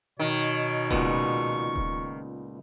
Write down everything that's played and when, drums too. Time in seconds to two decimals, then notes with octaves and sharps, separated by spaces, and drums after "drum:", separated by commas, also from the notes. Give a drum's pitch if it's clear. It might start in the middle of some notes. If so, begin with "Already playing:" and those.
0.19 B2 D#3 C#5
0.91 C#2 A#2 B3 C#6, drum: kick D#1
1.76 drum: kick D#1